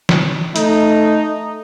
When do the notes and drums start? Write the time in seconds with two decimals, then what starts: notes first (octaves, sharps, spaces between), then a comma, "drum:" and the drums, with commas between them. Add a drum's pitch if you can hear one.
0.09 drum: snare F3
0.56 A3 D#4, drum: hi-hat